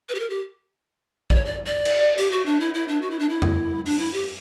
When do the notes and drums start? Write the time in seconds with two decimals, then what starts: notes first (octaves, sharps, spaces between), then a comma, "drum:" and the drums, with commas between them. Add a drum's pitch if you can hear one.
0.09 B4
0.15 G4
0.20 A#4
0.30 G4
1.30 D5, drum: kick
1.35 C#5
1.45 D5
1.66 D5
1.85 drum: cymbal
2.18 G4, drum: hi-hat
2.32 F#4
2.46 D4
2.60 E4
2.74 E4
2.88 D4
3.02 F#4
3.11 E4
3.19 D4
3.29 E4
3.42 drum: tom F2
3.86 D4, drum: open hi-hat
3.99 E4
4.14 G4